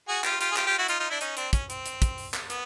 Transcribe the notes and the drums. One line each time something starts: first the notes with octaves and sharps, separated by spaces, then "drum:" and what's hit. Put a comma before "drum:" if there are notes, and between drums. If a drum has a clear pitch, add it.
F#4 G#4
F4 G4, drum: clap
F4 G4, drum: hi-hat
G#4
F4 G4, drum: clap
F4 G4
E4 F#4
D#4 F4, drum: hi-hat
D#4 F4
D4 E4
C#4 D#4, drum: hi-hat
C4 D4, drum: hi-hat
C#4, drum: kick, hi-hat
C4, drum: hi-hat
drum: hi-hat
drum: kick, hi-hat
drum: open hi-hat
drum: clap
B3, drum: hi-hat